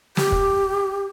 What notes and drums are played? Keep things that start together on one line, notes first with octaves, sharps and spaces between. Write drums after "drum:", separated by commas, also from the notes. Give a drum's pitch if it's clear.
G4, drum: snare
drum: kick